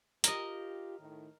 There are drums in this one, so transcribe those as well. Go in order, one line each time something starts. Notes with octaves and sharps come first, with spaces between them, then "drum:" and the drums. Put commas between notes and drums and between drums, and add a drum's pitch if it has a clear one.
F4 G4 A#4 D#5, drum: hi-hat
A2 D#3